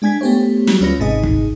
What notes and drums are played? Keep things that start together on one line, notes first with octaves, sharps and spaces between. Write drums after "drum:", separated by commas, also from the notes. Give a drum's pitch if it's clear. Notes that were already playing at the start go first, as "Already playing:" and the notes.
G#3 D4 G#5 G#6 B6
A3 B3 G4 C5 C#5
F#3 G3, drum: snare
D2 C#4 F4 B4 A#6
G#1 G#2 C3 D#4 G#4 D#5
drum: kick